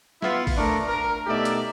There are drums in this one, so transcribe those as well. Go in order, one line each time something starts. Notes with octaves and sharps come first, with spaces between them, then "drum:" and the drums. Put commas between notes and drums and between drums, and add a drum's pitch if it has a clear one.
B3 E4 F4, drum: snare
drum: kick G#1, open hi-hat
A3 D4 A#4
A#4
B2 A3 D#4 G4 D5 E5
drum: hi-hat